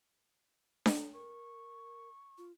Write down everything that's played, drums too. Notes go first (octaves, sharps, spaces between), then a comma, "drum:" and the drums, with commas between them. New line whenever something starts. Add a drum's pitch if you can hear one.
drum: snare D4
A#4 C#6
F4